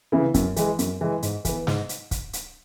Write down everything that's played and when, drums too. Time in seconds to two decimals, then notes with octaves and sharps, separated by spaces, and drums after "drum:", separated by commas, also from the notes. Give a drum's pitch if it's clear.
0.12 C#3 E3 B3 E4
0.34 F#2, drum: kick, hi-hat
0.56 E3 G#3, drum: hi-hat
0.79 F#2, drum: hi-hat
1.01 E3 G#3
1.22 G#2, drum: hi-hat
1.45 E3 B3, drum: kick, hi-hat
1.67 G#2, drum: snare
1.89 drum: hi-hat
2.11 drum: kick, hi-hat
2.33 drum: hi-hat